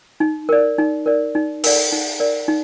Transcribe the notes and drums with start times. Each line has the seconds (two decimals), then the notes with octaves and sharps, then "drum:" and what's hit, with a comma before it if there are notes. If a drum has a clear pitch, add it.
0.20 D#4
0.49 A#4 D5
0.78 D#4
1.06 A#4 D5
1.35 D#4
1.64 A#4 D5, drum: open hi-hat
1.92 D#4
2.20 A#4 D5
2.48 D#4